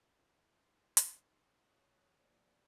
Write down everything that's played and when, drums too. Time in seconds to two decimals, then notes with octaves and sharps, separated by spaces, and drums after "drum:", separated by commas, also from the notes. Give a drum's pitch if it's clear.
0.15 D#2 E4
0.64 D#4 C6
0.97 drum: hi-hat
1.67 C#5 A5 D#6 F#6
2.19 F3 A#3 C5 D5